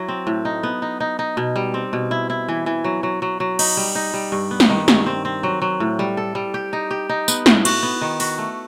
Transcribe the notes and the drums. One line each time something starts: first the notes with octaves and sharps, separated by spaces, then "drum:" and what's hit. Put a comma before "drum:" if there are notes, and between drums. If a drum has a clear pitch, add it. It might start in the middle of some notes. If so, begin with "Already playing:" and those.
Already playing: F#3 E4
C4
A2
D#4
B3
D#4
D#4
D#4
B2
G3
C4
B2
E4
E4
E3
E3
F#3
F#3
F#3
F#3
D#4, drum: cymbal
G3
D#4
G3
G2
B3
drum: snare
D#3
G2, drum: snare
C4
C4
F#3
F#3
A2
G3
A4
G3
G4
D#4
G4
D#4
B3, drum: tambourine
A2, drum: snare
F#4, drum: cymbal
B3
D#3
F#4, drum: open hi-hat
A3